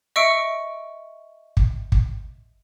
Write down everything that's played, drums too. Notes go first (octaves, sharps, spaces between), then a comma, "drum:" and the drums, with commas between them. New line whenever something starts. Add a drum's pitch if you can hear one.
D#5 E5 C#6 E6 C#7 D7
drum: kick
drum: kick